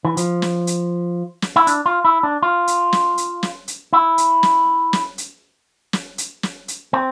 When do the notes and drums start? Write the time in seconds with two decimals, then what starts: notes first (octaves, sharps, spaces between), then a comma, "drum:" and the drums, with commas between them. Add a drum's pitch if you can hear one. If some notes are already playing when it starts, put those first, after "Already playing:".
0.05 E3
0.17 F3, drum: hi-hat
0.42 drum: snare
0.67 drum: hi-hat
1.42 drum: snare
1.56 E4
1.67 D4, drum: hi-hat
1.86 F4
2.05 E4
2.23 D4
2.42 F4
2.67 drum: hi-hat
2.93 drum: snare
3.18 drum: hi-hat
3.43 drum: snare
3.68 drum: hi-hat
3.93 E4
4.18 drum: hi-hat
4.43 drum: snare
4.93 drum: snare
5.18 drum: hi-hat
5.93 drum: snare
6.18 drum: hi-hat
6.43 drum: snare
6.68 drum: hi-hat
6.93 C4